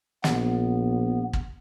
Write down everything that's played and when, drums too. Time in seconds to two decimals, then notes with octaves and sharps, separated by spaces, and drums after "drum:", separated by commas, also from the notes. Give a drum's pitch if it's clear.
0.24 A#1 B3, drum: snare
1.33 drum: kick